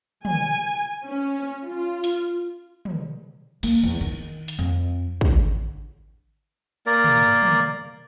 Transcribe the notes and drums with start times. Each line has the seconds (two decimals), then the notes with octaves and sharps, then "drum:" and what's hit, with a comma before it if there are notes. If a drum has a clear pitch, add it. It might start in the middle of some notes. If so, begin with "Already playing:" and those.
0.25 G#5, drum: tom
1.05 C#4
1.65 F4
2.04 drum: hi-hat
2.85 drum: tom
3.63 A#3, drum: cymbal
3.83 E2
4.01 D#3
4.48 drum: hi-hat
4.59 F2
5.21 D3, drum: kick
6.86 A#3 A#4 D5
7.04 drum: tom
7.43 drum: tom